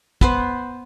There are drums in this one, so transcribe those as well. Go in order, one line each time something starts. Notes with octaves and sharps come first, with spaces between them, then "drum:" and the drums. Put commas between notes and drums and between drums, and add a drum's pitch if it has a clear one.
B3 B4 C5, drum: kick